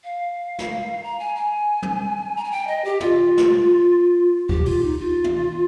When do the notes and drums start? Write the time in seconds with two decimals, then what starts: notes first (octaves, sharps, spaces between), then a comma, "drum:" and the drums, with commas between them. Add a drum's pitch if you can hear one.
0.04 F5
0.59 drum: snare
1.03 A#5
1.19 G#5
1.36 G#5
1.82 drum: tom
2.37 A#5
2.44 G#5
2.51 G5
2.67 D#5
2.85 G4
3.00 F4, drum: tom
3.38 drum: snare
4.49 G4, drum: kick C#2
4.66 F4, drum: open hi-hat
4.82 D#4
4.99 F4
5.24 drum: tom